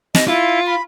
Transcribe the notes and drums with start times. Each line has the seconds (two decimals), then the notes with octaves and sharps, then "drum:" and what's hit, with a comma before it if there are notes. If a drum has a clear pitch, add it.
0.15 D#5, drum: snare
0.28 E4 F4
0.67 B5